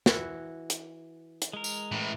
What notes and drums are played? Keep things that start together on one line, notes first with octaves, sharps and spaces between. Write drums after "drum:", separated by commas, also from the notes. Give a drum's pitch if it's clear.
E3 F#4 E5, drum: snare
drum: hi-hat
drum: hi-hat
G#3 A#4
drum: tambourine
A2 E3